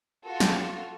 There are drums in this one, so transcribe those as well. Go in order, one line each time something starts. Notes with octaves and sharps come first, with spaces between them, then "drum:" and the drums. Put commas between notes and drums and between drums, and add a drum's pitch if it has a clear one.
F4 F#4 A4
drum: snare